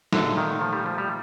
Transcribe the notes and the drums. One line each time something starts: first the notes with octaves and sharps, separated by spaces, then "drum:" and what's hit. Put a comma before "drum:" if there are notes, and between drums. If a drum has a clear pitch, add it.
A#2 D3 A3 D#4, drum: snare
D#3
F3
G3
F3
G3